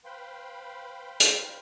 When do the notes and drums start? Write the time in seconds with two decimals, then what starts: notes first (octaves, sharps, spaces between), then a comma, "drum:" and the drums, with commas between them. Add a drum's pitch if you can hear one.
0.05 B4 C5 F5 G5 B5 C6
1.20 drum: hi-hat